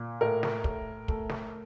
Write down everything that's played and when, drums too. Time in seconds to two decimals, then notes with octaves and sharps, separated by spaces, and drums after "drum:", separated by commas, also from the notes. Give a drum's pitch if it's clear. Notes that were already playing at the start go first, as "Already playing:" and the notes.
Already playing: A#2
0.21 A2 A#4
0.43 drum: snare
0.64 A2, drum: kick
1.08 A3, drum: kick
1.29 drum: snare